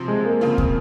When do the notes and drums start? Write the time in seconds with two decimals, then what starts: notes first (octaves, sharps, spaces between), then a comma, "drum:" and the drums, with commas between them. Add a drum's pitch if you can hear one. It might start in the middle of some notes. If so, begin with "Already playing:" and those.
Already playing: C3 F3 C4
0.08 G#3
0.25 A#3
0.41 C#3 F3 A#3 C4
0.58 drum: kick